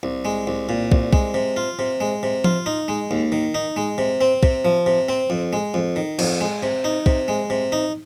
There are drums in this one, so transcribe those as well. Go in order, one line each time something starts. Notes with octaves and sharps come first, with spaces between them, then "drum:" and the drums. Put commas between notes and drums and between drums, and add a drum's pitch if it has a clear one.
C2
G#3
C2
A#2
C2, drum: kick
G#3, drum: kick
C3
F4
C3
G#3
C3
F4, drum: tom F3
D#4
G#3
D#2
D#3
D#4
G#3
C3
C4
C3, drum: kick
F3
C3
C4
F2
G#3
F2
D#3
F2, drum: cymbal
G#3
C3
D#4
C3, drum: kick
G#3
C3
D#4